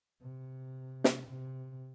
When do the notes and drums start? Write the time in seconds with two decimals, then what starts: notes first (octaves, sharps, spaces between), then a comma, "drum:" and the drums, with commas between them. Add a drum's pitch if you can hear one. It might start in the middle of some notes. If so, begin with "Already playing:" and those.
0.21 C3
1.04 drum: snare
1.28 C3